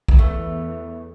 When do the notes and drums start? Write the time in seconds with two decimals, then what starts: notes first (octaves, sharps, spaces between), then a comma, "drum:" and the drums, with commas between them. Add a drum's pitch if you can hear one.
0.08 drum: kick
0.19 E2 E3 A3